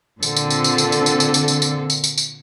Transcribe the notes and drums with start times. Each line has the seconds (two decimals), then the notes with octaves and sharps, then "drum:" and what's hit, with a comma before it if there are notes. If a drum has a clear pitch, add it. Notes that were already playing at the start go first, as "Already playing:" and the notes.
0.23 A#2 D3 C4 A4, drum: tambourine
0.36 drum: tambourine
0.50 drum: tambourine
0.64 drum: tambourine
0.78 drum: tambourine
0.92 drum: tambourine
1.06 drum: tambourine
1.20 drum: tambourine
1.34 drum: tambourine
1.48 drum: tambourine
1.62 drum: tambourine
1.90 drum: tambourine
2.04 drum: tambourine
2.18 drum: tambourine